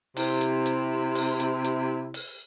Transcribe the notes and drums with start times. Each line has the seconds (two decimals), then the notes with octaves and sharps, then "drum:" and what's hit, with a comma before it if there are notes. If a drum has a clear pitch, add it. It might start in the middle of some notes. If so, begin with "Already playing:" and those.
0.16 C3 E4, drum: open hi-hat
0.41 drum: hi-hat
0.66 drum: hi-hat
1.15 drum: open hi-hat
1.40 drum: hi-hat
1.65 drum: hi-hat
2.14 drum: open hi-hat